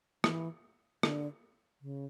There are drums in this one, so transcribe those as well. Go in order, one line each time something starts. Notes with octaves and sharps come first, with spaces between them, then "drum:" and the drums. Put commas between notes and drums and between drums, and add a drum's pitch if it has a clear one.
E3, drum: rim click
D3, drum: rim click
C#3